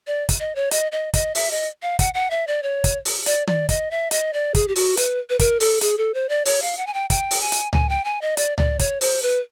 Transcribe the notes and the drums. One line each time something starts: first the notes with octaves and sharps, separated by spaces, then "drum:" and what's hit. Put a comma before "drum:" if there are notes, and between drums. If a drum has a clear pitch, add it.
D5
drum: kick, hi-hat
D#5
C#5
D#5, drum: hi-hat
D#5
D#5, drum: kick, hi-hat
E5, drum: open hi-hat
D#5
F5
F#5, drum: kick, hi-hat
F#5
E5
D5
C#5
drum: kick, hi-hat
drum: open hi-hat
D5, drum: hi-hat
D5, drum: tom D#3
D#5, drum: kick, hi-hat
E5
D#5, drum: hi-hat
D5
G#4, drum: kick, hi-hat
G4
F#4, drum: open hi-hat
B4, drum: hi-hat
B4
A#4, drum: kick, hi-hat
A4, drum: open hi-hat
G#4, drum: hi-hat
A4
C5
D5
C#5, drum: open hi-hat
F5
F#5
G#5
G5
G5, drum: kick, hi-hat
drum: open hi-hat
G#5
drum: hi-hat
G#5, drum: tom C#2
G5
G#5
D#5
D5, drum: hi-hat
D5, drum: tom C#2
C#5, drum: kick, hi-hat
C5, drum: open hi-hat
B4